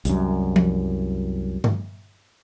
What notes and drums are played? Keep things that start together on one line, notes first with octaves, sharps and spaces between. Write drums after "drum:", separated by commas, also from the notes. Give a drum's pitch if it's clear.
C2 F#2, drum: hi-hat
drum: tom F3
drum: tom G2